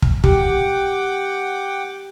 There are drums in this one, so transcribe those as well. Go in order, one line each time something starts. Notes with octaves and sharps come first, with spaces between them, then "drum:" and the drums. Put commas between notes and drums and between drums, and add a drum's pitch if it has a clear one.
drum: kick
G4 F#5 G5 D6, drum: kick